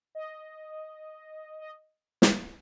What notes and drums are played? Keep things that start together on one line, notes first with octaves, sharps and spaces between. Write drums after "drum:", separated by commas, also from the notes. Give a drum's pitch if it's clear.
D#5
D#5
drum: snare